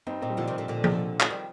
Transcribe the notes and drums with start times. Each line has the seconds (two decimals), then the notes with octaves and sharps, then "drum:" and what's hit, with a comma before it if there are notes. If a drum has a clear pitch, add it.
0.07 G2 C4 D#4
0.22 A#2 C4 D#4
0.30 G3
0.37 A#2 D3 F3
0.48 C3 D#3
0.58 A#2 D3
0.68 A#2 D3
0.84 drum: tom F3
1.20 drum: clap
1.30 D#3 G3